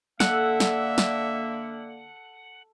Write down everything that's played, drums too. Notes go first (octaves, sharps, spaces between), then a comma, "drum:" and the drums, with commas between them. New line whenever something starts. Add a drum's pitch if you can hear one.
D3 A#3 A4 E5 F#5, drum: snare
drum: snare
drum: snare